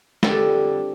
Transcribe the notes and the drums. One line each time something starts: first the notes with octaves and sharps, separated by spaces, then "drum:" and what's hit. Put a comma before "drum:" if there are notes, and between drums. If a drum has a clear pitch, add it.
F2 D3 G3 A4, drum: snare